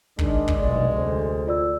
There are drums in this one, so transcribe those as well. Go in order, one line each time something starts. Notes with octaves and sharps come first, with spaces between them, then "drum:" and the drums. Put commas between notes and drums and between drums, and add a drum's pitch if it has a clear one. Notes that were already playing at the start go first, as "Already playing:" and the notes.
D#3 G#3 D4, drum: kick
drum: kick
F1 B1 D5
D2 C5
F4 D5 E6